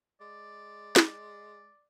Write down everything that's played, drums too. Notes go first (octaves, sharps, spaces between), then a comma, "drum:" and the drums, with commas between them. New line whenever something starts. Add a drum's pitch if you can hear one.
G#3 D5
drum: snare